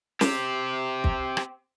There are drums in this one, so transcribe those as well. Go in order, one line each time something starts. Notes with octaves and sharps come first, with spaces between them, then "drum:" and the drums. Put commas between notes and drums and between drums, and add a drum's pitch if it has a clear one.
C4 G4, drum: snare
drum: kick
drum: rim click